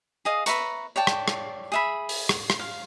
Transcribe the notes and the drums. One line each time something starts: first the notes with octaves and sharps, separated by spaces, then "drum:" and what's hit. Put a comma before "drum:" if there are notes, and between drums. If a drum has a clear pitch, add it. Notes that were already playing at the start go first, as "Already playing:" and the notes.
G#4 D#5 F5
B4 E5 A#5 C#6, drum: hi-hat
C#5 D5 G5 A5
drum: rim click
drum: rim click
G#4 E5 B5
drum: open hi-hat
drum: rim click
drum: rim click
F5